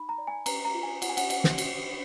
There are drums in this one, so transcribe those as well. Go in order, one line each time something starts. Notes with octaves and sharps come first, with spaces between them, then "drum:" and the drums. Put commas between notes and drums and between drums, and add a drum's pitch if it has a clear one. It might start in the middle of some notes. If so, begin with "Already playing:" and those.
Already playing: D#4 B5
A#5
D5
G#5
B4 A#5, drum: cymbal
A#5
F4
G#5
F4 F#5, drum: cymbal
G#5
F#5, drum: cymbal
D5 F#5, drum: cymbal
drum: snare
F#4, drum: cymbal
D4